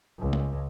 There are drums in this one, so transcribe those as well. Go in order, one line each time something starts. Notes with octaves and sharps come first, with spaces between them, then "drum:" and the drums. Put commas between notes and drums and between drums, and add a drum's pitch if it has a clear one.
C#2
drum: tom G#3